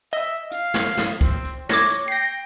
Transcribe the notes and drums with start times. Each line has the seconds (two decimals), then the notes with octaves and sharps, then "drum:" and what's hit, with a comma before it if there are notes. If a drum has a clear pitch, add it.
0.13 D#5 E5
0.51 F5, drum: hi-hat
0.74 drum: snare
0.97 drum: snare
1.21 C4, drum: kick C#2
1.44 drum: hi-hat
1.69 C#5 D6 G#6 A#6, drum: snare
1.91 drum: hi-hat
2.08 G5 A#6 C7